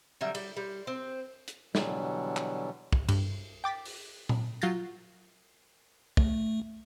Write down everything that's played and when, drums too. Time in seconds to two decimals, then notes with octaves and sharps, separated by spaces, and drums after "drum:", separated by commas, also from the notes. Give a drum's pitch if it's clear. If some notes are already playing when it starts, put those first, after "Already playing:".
0.21 D3 F#3 G3 E5
0.35 G3, drum: cymbal
0.57 G3
0.87 C4
1.48 drum: hi-hat
1.75 B2 D3 E3 F#3 G3, drum: snare
2.37 drum: clap
2.92 drum: kick
3.09 G2, drum: cymbal
3.64 G5 D6 A6 B6
3.85 drum: open hi-hat
4.29 drum: tom A#2
4.62 F#3 F4 G6 A6 A#6, drum: tambourine
6.17 A3, drum: kick